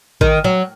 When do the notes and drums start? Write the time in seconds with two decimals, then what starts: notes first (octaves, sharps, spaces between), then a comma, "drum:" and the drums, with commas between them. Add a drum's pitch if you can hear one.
0.21 D#3, drum: kick A1
0.44 F#3